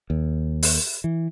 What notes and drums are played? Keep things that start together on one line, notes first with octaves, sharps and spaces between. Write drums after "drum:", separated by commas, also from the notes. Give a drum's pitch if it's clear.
D#2
drum: open hi-hat
E3